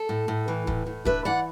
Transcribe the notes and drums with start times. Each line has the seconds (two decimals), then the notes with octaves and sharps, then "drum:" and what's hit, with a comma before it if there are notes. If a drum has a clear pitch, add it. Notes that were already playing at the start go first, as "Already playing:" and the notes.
Already playing: A4
0.09 A2
0.28 A2
0.48 E3
0.67 A2, drum: kick
0.87 A2
1.05 D4 B4 E5, drum: kick
1.25 E3 D5 F#5